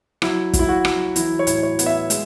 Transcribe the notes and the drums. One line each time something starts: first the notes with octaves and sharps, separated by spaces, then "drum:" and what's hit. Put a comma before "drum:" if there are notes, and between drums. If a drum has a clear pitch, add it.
F#3 E4, drum: rim click
F#3, drum: kick, hi-hat
E4
F#4
F#3, drum: rim click
E3 E4, drum: hi-hat
C#5
A2, drum: hi-hat
C#5
B3, drum: hi-hat
E5
G#3, drum: hi-hat